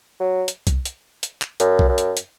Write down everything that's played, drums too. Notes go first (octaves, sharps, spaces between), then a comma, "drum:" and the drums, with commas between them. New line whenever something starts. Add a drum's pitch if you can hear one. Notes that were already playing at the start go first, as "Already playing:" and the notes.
F#3
drum: hi-hat
drum: kick, hi-hat
drum: hi-hat
drum: hi-hat
drum: clap
F#2, drum: hi-hat
drum: kick
F#2
drum: hi-hat
drum: hi-hat